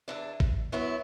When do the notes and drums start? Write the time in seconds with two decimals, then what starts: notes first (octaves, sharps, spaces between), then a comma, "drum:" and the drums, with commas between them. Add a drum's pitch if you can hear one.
0.08 E2 E3 D4
0.40 drum: kick G#1
0.72 F#2 F#3 B3 E4